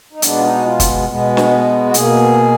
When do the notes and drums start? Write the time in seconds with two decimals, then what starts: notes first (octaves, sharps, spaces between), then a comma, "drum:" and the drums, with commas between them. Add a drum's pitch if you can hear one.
0.13 D#4
0.22 B2 G#3 B3 D4, drum: hi-hat
0.38 F4
0.44 D#4
0.55 F#4
0.65 F4
0.80 drum: kick, hi-hat
1.08 B2 G#3 B3
1.37 drum: snare
1.85 F#4
1.94 B2 A#3 G#4, drum: hi-hat